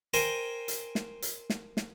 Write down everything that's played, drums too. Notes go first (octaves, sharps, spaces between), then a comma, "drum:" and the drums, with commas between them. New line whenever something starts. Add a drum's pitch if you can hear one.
A#4 C5 G5 G#5, drum: hi-hat
drum: hi-hat
drum: snare
drum: hi-hat
drum: snare
drum: snare